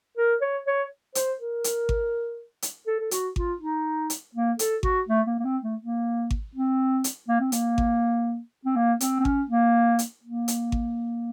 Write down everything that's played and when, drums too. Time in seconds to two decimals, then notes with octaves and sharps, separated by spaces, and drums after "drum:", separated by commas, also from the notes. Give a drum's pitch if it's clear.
0.17 A#4
0.41 C#5
0.66 C#5
1.15 C5, drum: hi-hat
1.40 A#4
1.64 drum: hi-hat
1.89 drum: kick G#1
2.62 drum: hi-hat
2.87 A4
3.00 A4
3.11 F#4, drum: hi-hat
3.36 F4, drum: kick G#1
3.61 D#4
4.10 drum: hi-hat
4.35 A#3
4.59 A4, drum: hi-hat
4.83 F#4, drum: kick G#1
5.08 A3
5.27 A#3
5.39 A#3
5.45 C4
5.63 A3
5.81 A#3
6.31 drum: kick G#1
6.55 C4
7.04 drum: hi-hat
7.28 A#3
7.40 C4
7.52 A#3, drum: hi-hat
7.78 drum: kick G#1
8.65 C4
8.76 A#3
9.00 C4, drum: hi-hat
9.20 C4
9.25 C#4, drum: kick G#1
9.49 A#3
9.99 drum: hi-hat
10.23 A#3
10.48 drum: hi-hat
10.72 drum: kick G#1